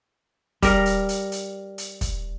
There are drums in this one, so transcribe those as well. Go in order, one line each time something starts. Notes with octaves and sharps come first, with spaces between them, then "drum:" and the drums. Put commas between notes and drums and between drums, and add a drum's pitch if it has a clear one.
G3 A#4, drum: kick, hi-hat
drum: hi-hat
drum: hi-hat
drum: hi-hat
drum: hi-hat
drum: kick, hi-hat